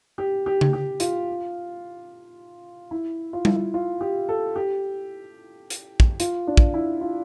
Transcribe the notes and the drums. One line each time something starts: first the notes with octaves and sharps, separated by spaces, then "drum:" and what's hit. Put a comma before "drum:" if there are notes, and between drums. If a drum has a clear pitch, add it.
G4
G4
drum: tom C#3
G4
F4, drum: hi-hat
E4
F4
E4, drum: tom G3
F4
F4
G4
A4
G4
drum: hi-hat
drum: kick
F4, drum: hi-hat
D4
drum: kick
E4
F4